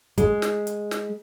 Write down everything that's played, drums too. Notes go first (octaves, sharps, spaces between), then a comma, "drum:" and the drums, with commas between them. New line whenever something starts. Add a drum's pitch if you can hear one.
G#3, drum: kick, hi-hat
drum: snare
drum: hi-hat
drum: snare